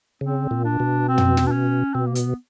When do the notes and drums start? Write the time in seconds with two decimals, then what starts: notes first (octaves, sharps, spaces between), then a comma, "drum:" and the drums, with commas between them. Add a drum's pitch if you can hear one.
0.21 C#3 C4
0.51 A#2
0.65 D4
0.80 B2
1.08 C4
1.18 drum: tom
1.37 drum: snare
1.47 D4
1.52 C#4
1.94 B2 C4
2.07 A#3
2.15 B3, drum: hi-hat